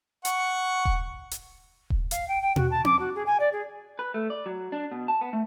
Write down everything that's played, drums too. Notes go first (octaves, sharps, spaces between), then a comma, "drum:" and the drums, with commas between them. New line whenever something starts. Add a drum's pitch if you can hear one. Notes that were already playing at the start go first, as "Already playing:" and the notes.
F#5 C#6, drum: hi-hat
drum: kick D#1
drum: hi-hat
drum: kick D#1
F5, drum: hi-hat
G5
G5
F#4, drum: tom
A5
D6, drum: tom C4
F#4
G#4
G#5
D5
G#4
B4
A3
D5
F#3
D4
B2
A5
B3
A3